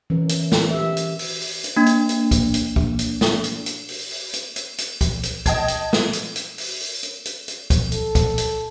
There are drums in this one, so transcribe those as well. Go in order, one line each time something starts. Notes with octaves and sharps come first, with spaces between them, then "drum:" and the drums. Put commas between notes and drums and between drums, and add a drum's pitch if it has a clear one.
E3 C#4 A#4
drum: hi-hat
drum: snare
G4 E5
drum: hi-hat
drum: open hi-hat
drum: open hi-hat
drum: hi-hat
A#3 D4
drum: hi-hat
drum: hi-hat
drum: kick, hi-hat
drum: hi-hat
drum: kick
drum: hi-hat
drum: snare
drum: hi-hat
drum: hi-hat
drum: open hi-hat
drum: open hi-hat
drum: hi-hat
drum: hi-hat
drum: hi-hat
drum: kick, hi-hat
drum: hi-hat
D#5 G5 A5 G#6, drum: kick, hi-hat
drum: hi-hat
D#7, drum: snare
drum: hi-hat
drum: hi-hat
drum: open hi-hat
drum: open hi-hat
drum: hi-hat
drum: hi-hat
drum: hi-hat
drum: kick, hi-hat
A4, drum: hi-hat
drum: kick, hi-hat
drum: hi-hat